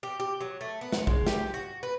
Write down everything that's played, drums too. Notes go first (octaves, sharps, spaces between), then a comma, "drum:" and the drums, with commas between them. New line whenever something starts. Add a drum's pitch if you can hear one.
G4
G4
F#3
A3
B3
F#5, drum: snare
G#3, drum: kick
G4, drum: snare
F#4
B4